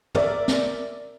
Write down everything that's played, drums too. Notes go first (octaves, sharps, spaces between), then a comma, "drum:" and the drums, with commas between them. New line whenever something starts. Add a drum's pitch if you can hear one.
A#4 D5 E5, drum: tom
drum: snare